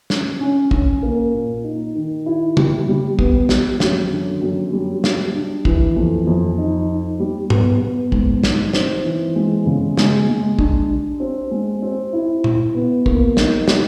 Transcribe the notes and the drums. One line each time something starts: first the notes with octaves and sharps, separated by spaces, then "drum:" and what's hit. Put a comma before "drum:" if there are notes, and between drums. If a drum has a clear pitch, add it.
C#4, drum: snare
C#4
C#4, drum: kick
A#3
A#2
D#4
D#3
E4
G3, drum: tom
G3
B3, drum: kick
G3, drum: snare
F#2, drum: snare
D3
F#2
G3
G3, drum: snare
D4
E3, drum: kick
F2
F2
D#4
D#4
G3
B3, drum: tom G#2
B3
G#2, drum: kick
D#4, drum: snare
C4, drum: snare
E3
G#3
C#3
G#3, drum: snare
G#3
D4, drum: kick
D4
C4
G#3
C4
E4
E4, drum: tom A#2
B3
A#3, drum: kick
D#4, drum: snare
G3, drum: snare